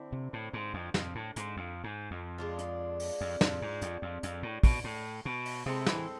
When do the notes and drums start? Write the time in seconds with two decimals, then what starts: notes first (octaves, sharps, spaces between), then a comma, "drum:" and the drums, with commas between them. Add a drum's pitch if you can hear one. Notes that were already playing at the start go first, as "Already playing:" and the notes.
Already playing: D3 C4 E4
0.12 C3
0.33 A2
0.53 G#2
0.74 F2
0.94 F2, drum: snare
1.15 A2
1.36 G#2, drum: hi-hat
1.57 F2
1.84 G#2
2.11 F2
2.38 G#3 D4 F4
2.59 drum: hi-hat
3.00 drum: open hi-hat
3.21 F2
3.41 F2, drum: snare
3.62 G#2
3.82 F2, drum: hi-hat
4.02 F2
4.23 F2, drum: hi-hat
4.43 A2
4.63 B2, drum: kick, open hi-hat
4.84 A2
5.25 B2
5.46 drum: open hi-hat
5.66 C3 G#3 C4 E4 A4
5.86 E3, drum: snare